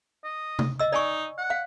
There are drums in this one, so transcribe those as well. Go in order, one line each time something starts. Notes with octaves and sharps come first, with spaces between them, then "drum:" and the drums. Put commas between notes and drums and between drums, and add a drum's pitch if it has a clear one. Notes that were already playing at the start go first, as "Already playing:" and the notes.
D#5
drum: tom C3
D#5 E6
D#4 D5 G#5 C#6
F#5
F5